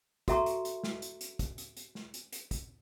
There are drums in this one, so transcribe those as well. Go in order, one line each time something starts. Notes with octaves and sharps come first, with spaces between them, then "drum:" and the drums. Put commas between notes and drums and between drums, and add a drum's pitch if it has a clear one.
F#4 A4 E5 A#5 C6 C#6, drum: kick, hi-hat
drum: hi-hat
drum: hi-hat
drum: snare
drum: hi-hat
drum: hi-hat
drum: kick, hi-hat
drum: hi-hat
drum: hi-hat
drum: snare
drum: hi-hat
drum: hi-hat
drum: kick, hi-hat